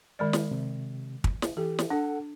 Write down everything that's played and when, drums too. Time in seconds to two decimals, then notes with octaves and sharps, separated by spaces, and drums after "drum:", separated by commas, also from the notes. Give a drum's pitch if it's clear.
0.19 D#3 G#3 D5
0.33 drum: snare
0.51 C3
1.24 drum: kick
1.42 drum: snare
1.57 E3 G4 A4
1.79 drum: snare
1.90 D4 A4 F#5